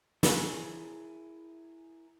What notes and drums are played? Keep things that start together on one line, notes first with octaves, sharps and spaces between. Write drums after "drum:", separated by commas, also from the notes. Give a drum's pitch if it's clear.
E4 G#4 A#4, drum: snare